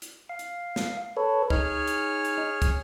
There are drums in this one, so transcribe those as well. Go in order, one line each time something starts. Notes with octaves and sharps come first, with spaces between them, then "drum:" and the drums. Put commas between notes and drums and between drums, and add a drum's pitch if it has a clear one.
drum: hi-hat
F5
drum: hi-hat
drum: snare
A4 B4 C#5
D#4 G#4 C#5 F6, drum: kick
drum: hi-hat
drum: hi-hat
drum: kick, hi-hat